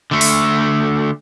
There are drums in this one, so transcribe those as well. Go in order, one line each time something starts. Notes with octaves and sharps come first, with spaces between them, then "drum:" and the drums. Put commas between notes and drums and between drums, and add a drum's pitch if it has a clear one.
D3 A3
drum: open hi-hat